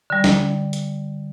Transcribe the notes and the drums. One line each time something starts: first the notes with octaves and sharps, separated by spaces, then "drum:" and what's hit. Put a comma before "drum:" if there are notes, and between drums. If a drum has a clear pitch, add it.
D3 G3
drum: snare
drum: hi-hat